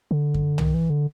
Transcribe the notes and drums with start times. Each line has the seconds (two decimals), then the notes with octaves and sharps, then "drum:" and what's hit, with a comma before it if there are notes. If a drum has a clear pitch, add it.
0.11 D3
0.34 drum: kick F#2
0.58 D#3, drum: tom
0.74 E3
0.90 D3